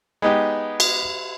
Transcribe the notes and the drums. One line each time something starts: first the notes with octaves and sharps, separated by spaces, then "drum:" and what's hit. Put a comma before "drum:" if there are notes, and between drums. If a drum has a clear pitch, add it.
G#3 B3 D#4 G4
drum: cymbal